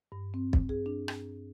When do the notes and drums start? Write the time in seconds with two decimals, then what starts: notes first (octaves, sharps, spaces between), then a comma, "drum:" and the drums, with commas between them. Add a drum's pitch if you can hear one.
0.12 G2
0.34 C4
0.53 drum: kick
0.69 G#4
0.86 D4
1.08 drum: rim click